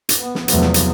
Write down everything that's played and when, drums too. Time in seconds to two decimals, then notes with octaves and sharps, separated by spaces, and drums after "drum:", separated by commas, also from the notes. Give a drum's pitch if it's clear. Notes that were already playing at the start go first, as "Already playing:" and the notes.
0.09 drum: hi-hat
0.18 B3
0.35 drum: snare
0.48 E2 C3 F3 F#3 A3 B3, drum: hi-hat
0.61 drum: snare
0.74 drum: hi-hat